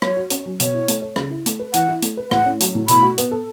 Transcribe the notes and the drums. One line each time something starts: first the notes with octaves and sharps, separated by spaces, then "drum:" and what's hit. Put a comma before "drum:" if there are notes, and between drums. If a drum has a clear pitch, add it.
F#3 C#5, drum: rim click
F#4
C#4, drum: hi-hat
F#3
B2 C#5, drum: hi-hat
E4
A3, drum: hi-hat
C#5
C#3, drum: rim click
E4
A3, drum: hi-hat
B4
E3 F#5, drum: hi-hat
E4
A3, drum: hi-hat
B4
A2 F#5, drum: rim click
C#4
F#3, drum: hi-hat
A2
B2 B5, drum: hi-hat
F#4
B3, drum: hi-hat
A4